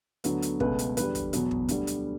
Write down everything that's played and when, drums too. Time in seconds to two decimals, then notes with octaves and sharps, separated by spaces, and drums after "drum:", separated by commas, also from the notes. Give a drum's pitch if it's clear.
0.24 D2 D3 F#3 B3, drum: hi-hat
0.42 drum: hi-hat
0.60 C#2 B2 A3 B4, drum: kick
0.79 drum: hi-hat
0.97 E2 D3 G3 B4, drum: hi-hat
1.15 drum: kick, hi-hat
1.33 E2 B2 F#3 B3, drum: hi-hat
1.51 drum: kick
1.68 D2 D3 G3 B3, drum: hi-hat
1.87 drum: hi-hat